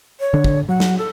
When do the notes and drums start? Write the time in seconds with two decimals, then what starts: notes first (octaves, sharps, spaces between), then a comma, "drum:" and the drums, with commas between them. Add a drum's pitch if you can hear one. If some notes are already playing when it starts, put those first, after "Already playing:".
0.20 C#5
0.34 D3 D4
0.44 drum: kick
0.69 F#3 F#5
0.80 drum: snare
0.98 A4